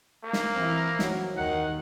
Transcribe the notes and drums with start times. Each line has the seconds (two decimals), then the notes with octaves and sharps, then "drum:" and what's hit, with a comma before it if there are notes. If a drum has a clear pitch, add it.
0.24 A#3
0.33 drum: snare
0.55 E3 C4 E4
0.99 F#3, drum: snare
1.37 D#2 D#3 F#5